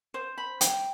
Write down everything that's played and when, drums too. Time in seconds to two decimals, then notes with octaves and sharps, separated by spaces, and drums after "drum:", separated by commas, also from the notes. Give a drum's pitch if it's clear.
0.14 C5
0.38 B5
0.61 G5, drum: hi-hat